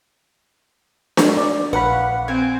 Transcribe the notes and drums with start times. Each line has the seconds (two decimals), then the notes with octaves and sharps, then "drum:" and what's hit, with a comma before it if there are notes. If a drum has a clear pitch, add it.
1.17 drum: snare D4
1.37 D5
1.73 A#1 B4 F5 F#5 B5 C#6
2.28 C4 G#5